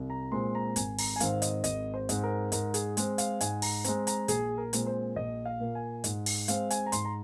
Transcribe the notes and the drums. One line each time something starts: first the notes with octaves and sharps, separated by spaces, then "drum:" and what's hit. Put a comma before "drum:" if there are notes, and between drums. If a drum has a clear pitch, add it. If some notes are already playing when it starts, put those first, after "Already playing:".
Already playing: C2
A#5
A#2 G#3 C4 C6
A#5
G#1 G#5, drum: hi-hat
A#5, drum: open hi-hat
G#5
G#2 D#3 C4 F5, drum: hi-hat
D#5, drum: hi-hat
G#1 D#5, drum: hi-hat
C5
G#2 G#3 C4, drum: hi-hat
A#4
G#2 A#4, drum: hi-hat
G#4, drum: hi-hat
G#3 C4, drum: hi-hat
F5, drum: hi-hat
G#2 G#5, drum: hi-hat
A#5, drum: open hi-hat
G#3 C4 A#5, drum: hi-hat
A#5, drum: hi-hat
A#1 G#4, drum: hi-hat
A#4
A#2 G#3 C4, drum: hi-hat
C5
A#1 D#5
F5
A#2 A#3
G#5
G#2, drum: hi-hat
drum: open hi-hat
G#3 C4 F5, drum: hi-hat
G#5, drum: hi-hat
A#5
G#2 C6, drum: hi-hat
A#5